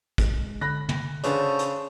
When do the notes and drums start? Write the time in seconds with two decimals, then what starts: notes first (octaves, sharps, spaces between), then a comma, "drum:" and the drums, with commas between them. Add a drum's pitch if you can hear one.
0.18 G#3, drum: kick, hi-hat
0.61 D3 B5 F#6 A#6
0.89 drum: tom
1.24 C#3 C#4 D4 F#4 A4 B4 C5, drum: hi-hat
1.59 drum: hi-hat